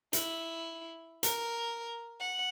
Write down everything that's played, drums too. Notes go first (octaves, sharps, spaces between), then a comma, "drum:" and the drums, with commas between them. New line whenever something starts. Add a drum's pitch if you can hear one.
E4, drum: hi-hat
A#4, drum: hi-hat
F#5